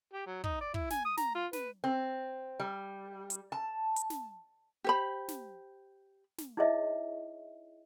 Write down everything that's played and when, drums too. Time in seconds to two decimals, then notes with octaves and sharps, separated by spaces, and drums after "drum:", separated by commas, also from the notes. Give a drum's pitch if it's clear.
0.14 G4
0.26 F#3
0.44 D#4, drum: kick
0.61 D5
0.74 E4, drum: kick
0.90 G#5, drum: snare
1.05 D#6
1.17 A#5, drum: snare
1.35 F4
1.53 B4, drum: snare
1.84 C4
2.60 G3
3.30 drum: hi-hat
3.52 A5
3.96 drum: hi-hat
4.10 drum: snare
4.84 G4 C5 B5
5.28 drum: snare
6.38 drum: snare
6.57 D#4 E4 G#4 C#5 D#5 E5